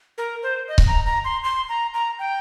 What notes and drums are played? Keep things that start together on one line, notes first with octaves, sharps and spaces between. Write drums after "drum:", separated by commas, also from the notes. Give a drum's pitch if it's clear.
A#4
C5
D#5
drum: kick C#1
A#5
A#5
C6
C6
A#5
A#5
G5